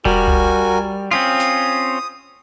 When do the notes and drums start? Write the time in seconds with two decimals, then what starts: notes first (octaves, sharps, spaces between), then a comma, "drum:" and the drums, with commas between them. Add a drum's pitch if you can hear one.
0.05 G3 F#4 A#4 G#5, drum: kick E1
0.28 drum: tom C2
1.11 C4 C#4 F4 D#6
1.40 drum: snare